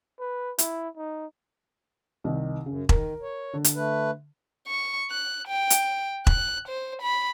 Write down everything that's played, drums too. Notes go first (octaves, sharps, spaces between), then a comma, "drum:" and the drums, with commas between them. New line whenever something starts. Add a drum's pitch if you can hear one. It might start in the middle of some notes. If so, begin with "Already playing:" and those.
B4
E4, drum: hi-hat
D#4
C2 D#3
F#2 C#3
D#3 A#4, drum: kick E1
C#5
D3
drum: hi-hat
A3 B4
C#6
F#6
G5
drum: hi-hat
F#6, drum: kick E1
C5
B5